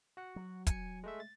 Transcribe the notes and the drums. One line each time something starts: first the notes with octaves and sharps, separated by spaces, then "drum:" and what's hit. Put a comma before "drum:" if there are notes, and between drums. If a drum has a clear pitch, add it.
F#4 F#5
F#3
G#5 C#7, drum: kick, hi-hat
G#3 A3 E5
A6